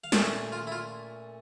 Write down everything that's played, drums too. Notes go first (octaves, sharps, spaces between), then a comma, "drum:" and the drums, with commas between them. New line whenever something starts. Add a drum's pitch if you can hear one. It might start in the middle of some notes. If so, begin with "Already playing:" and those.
F5
A#2 A3 C#4 E5, drum: snare
F4
E4
F4